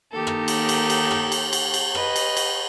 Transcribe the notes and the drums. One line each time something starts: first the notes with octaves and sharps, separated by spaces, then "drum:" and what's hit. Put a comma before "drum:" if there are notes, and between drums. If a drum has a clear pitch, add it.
D#3 A#3 D#4 G4 A4
drum: rim click
drum: cymbal
drum: cymbal
drum: cymbal
drum: rim click
drum: cymbal
drum: cymbal
drum: cymbal
B4 D#5, drum: rim click
drum: cymbal
drum: cymbal